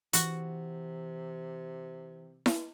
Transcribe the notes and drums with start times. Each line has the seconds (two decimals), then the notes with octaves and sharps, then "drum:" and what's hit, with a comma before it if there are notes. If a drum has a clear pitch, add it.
0.13 C3 E3 F#4 F#5, drum: hi-hat
2.46 drum: snare E4